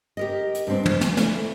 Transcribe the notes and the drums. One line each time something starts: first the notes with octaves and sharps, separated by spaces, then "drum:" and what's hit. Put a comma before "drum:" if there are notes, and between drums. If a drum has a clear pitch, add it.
G4 A#4 D#5
drum: hi-hat
G2 B3 C4 D4
F4, drum: tom
drum: snare
A3 E4, drum: snare